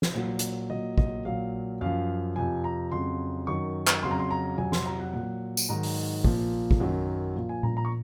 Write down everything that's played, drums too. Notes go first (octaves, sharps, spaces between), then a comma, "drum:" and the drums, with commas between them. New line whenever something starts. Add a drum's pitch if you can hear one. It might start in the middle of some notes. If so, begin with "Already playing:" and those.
drum: snare
A#2 F#3
drum: hi-hat
A#2 F#3 D#5
D#5, drum: kick
A#2 F#3 F5
F#2 F3 F5
F2 C3 F3 G#5
A#5
F2 C#3 F#3 C6
F#2 D#3 F#3 C#6
drum: clap
F2 C#3 F#3 C6
A#5
C6
A#5
F2 C3 F#3 G#5
C6, drum: snare
A#5
F#5
A#2 F#3 F#5
drum: tambourine
G#2 D#3 F#3 A#5
drum: open hi-hat
A#2 F3, drum: kick
drum: kick
F#2 D#3 F#3
A#2 F3
G#5
A#5, drum: tom A#2
A#5
C#6